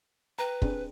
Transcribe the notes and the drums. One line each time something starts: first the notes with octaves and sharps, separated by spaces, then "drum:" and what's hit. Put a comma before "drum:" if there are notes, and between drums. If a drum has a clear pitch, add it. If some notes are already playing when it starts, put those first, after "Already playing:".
B4 G5 A#5
C4 D4 G#4, drum: kick